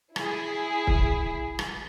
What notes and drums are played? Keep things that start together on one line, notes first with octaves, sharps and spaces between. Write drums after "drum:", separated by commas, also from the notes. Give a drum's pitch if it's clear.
E4 G#4, drum: rim click
drum: kick C#1
drum: rim click